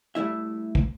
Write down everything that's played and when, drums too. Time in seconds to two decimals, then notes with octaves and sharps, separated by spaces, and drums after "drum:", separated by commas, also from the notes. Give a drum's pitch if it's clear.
0.15 G3 A3 E4 E5
0.75 drum: kick